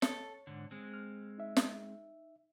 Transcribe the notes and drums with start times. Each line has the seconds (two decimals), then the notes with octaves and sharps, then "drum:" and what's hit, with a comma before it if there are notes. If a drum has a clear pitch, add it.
0.02 A4 C#5, drum: snare
0.47 G#2 D3
0.71 G#3 C4
0.93 F6
1.38 D#4 E5
1.57 drum: snare